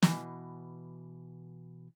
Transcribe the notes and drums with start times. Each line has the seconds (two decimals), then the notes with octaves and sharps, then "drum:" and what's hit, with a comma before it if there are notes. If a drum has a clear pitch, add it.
0.03 B2 E3 G#5, drum: snare